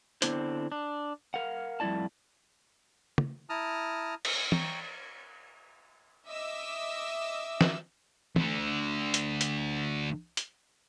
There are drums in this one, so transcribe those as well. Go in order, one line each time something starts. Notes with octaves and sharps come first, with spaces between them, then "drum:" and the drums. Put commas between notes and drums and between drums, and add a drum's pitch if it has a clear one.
D3 B3 C4 D4 E4 C5, drum: hi-hat
D4
A#4 F5 F#5
F2 G3 A3 E4 D5 A5
drum: tom
E4 A5 A#5 D#6 F6
drum: cymbal
G5 A#5 C#6, drum: tom
D#5 E5 D6 E6
drum: snare
D2 D3, drum: tom
drum: hi-hat
drum: hi-hat
drum: hi-hat